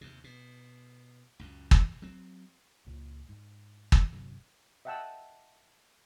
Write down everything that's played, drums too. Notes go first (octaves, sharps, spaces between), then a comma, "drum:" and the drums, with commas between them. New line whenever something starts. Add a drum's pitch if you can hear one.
D#2 C3
B2
C#2 F#2
drum: kick
F#3 C4
C#2 A#2
G#2
drum: kick
G1 C3 F#3
D#5 E5 F#5 G5 A5 E6